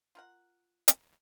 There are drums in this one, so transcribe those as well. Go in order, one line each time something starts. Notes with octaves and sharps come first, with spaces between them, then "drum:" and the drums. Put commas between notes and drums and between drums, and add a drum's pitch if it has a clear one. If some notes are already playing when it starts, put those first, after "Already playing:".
F4 A#4 F#5
drum: hi-hat